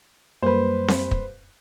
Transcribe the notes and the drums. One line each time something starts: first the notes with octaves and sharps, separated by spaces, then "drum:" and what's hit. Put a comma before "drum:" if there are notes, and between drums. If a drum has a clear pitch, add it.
F#2 G3 A#3 B4 C5
drum: snare C4
drum: kick